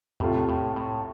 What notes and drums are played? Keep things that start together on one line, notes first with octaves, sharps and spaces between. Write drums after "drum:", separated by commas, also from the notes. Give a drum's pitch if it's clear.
C2 A2 C3 A3 F4, drum: tom E2
A2
A2